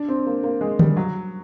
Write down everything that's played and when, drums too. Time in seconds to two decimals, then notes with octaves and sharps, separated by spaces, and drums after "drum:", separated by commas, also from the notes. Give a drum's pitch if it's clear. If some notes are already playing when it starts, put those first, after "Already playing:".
Already playing: D4
0.09 C4
0.26 A#3
0.43 A#3
0.61 G#3
0.79 G3, drum: tom D3
0.97 F#3